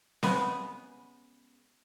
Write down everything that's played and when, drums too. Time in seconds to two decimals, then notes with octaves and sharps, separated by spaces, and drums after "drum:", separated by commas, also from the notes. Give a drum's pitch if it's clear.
0.23 C#3 G#3 B3, drum: snare C4